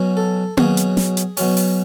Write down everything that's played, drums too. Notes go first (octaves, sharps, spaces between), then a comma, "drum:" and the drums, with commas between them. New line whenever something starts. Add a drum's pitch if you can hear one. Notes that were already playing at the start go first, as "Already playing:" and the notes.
Already playing: B2 F#3 C#4
A4
B2 F#3 C#4 G#4, drum: tom A#3
drum: hi-hat
drum: snare
drum: hi-hat
B2 F#3 C#4, drum: open hi-hat
drum: open hi-hat